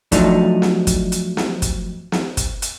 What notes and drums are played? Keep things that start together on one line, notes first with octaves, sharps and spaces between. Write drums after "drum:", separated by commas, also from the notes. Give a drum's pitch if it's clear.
F3 F#3 A3 D4 D#4, drum: kick, hi-hat
drum: snare
drum: kick, hi-hat
drum: hi-hat
drum: snare
drum: kick, hi-hat
drum: snare
drum: kick, hi-hat
drum: hi-hat